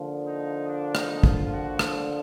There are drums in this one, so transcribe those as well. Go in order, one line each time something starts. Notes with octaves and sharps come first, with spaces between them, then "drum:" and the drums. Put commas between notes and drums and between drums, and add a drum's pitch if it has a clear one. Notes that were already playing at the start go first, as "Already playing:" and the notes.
Already playing: D3 F3 A#3
D#4
D4
D#4, drum: rim click
F4, drum: kick
F#4
drum: rim click